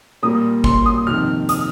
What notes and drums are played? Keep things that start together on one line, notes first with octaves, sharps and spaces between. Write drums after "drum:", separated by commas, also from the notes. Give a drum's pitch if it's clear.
A#2 G3 A#3 D#6
C6, drum: kick G#1
D#6
F2 C3 D#3 F6
D#6, drum: hi-hat